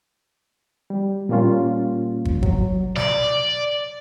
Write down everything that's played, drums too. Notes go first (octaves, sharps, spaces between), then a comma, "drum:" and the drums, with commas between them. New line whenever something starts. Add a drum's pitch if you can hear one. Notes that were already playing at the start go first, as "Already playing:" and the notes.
G3
A#2 G3 A#3 C#4 F4
drum: kick
F#3, drum: kick
D5, drum: snare